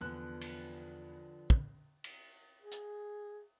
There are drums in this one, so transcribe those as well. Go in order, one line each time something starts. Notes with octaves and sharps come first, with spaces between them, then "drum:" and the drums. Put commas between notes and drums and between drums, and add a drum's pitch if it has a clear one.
E2 D3 F3 B3 F#6
drum: cymbal
drum: kick
drum: cymbal
G#4
drum: hi-hat